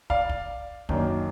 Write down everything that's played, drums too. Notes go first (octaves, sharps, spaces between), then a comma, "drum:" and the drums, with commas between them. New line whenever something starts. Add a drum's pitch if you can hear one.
D5 F5, drum: kick
drum: kick
F#2 D#3 A#3 D4, drum: kick